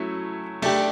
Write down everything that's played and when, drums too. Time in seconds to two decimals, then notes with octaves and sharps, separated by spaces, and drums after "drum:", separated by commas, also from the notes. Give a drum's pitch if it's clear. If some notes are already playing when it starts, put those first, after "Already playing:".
Already playing: F#3 A3 C#4 E4
0.62 A3 D4 G4, drum: cymbal